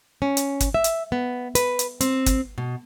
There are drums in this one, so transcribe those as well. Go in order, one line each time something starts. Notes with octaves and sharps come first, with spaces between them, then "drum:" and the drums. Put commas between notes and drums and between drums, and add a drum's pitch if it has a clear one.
C#4
drum: hi-hat
drum: kick, hi-hat
E5
drum: hi-hat
B3
B4, drum: hi-hat
drum: hi-hat
C4, drum: hi-hat
drum: kick, hi-hat
B2